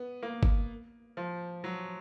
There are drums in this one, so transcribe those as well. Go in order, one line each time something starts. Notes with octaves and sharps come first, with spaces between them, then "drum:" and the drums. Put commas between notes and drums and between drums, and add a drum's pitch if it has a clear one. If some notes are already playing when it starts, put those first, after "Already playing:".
Already playing: B3
A#3
drum: kick G1
F3
F#3